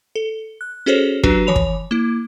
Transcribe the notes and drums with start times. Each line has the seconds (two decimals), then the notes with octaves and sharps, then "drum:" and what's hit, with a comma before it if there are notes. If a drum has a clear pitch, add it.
0.15 A4
0.61 F#6
0.86 C#4 F#4 G#4 A4 C5 C#5
1.24 F#3 D4 F#4 G4 B4, drum: kick
1.47 E3 F3 C#5 B5 F7
1.56 drum: kick
1.91 A#3 E4